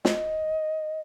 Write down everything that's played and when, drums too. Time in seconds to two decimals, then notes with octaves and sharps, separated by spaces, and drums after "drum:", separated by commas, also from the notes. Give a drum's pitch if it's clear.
0.05 D#5, drum: snare